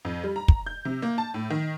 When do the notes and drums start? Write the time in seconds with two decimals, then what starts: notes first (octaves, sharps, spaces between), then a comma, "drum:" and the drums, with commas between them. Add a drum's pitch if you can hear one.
0.05 F2
0.24 G3
0.36 A#5
0.48 drum: kick
0.66 G6
0.85 C3
1.02 A#3
1.18 A5
1.34 A2
1.50 D#3